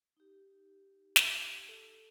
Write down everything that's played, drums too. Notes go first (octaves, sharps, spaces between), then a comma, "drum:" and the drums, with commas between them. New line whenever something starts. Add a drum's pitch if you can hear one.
D#4 G4
drum: snare
A4